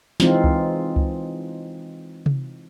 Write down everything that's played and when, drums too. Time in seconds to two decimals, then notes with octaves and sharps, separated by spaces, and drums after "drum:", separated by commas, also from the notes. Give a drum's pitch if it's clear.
0.20 E3 G#3 C4 D#4 F4, drum: snare
0.44 drum: kick C#2
0.96 drum: kick C#2
2.26 drum: tom C3